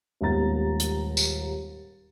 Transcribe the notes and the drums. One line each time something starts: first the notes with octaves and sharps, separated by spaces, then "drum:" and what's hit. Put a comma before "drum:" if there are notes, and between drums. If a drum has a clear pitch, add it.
D#1 D#2 G#2 B3 A#5 A6
drum: hi-hat
drum: tambourine